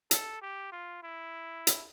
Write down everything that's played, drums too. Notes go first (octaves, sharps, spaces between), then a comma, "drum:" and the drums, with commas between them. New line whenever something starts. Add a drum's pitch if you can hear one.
A4, drum: hi-hat
G4
F4
E4
drum: hi-hat